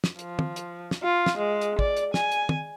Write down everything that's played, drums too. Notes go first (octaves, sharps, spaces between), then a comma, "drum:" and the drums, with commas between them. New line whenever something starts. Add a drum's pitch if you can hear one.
drum: snare
F3, drum: hi-hat
drum: tom
drum: hi-hat
drum: snare
F4
drum: snare
G#3
drum: hi-hat
D5, drum: kick
drum: hi-hat
G#5, drum: snare
drum: hi-hat
drum: tom